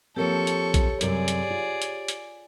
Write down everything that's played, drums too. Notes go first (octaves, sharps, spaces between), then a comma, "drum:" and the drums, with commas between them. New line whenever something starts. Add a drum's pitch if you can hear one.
F3 A#3 C4 G4 A4 C#5 C#6
drum: hi-hat
drum: kick A#1, hi-hat
F#2 C3 G3 G#4 D5, drum: hi-hat
drum: hi-hat
F4
drum: hi-hat
drum: hi-hat